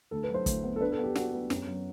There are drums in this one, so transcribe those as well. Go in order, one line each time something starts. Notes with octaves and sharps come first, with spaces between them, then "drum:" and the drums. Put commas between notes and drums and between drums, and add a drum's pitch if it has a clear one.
D2 A4
B4
F#3
C5
D2, drum: kick, hi-hat
B3
A4
D4 B4
A4
B3
G4
D4 F#4, drum: snare
B3
F#2, drum: snare
F#3